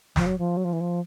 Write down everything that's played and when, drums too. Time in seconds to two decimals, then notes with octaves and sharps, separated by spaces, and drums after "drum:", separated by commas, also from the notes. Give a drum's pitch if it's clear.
0.16 F3, drum: snare
0.26 F#3
0.39 F3
0.57 F#3
0.65 F3
0.73 E3
0.81 F3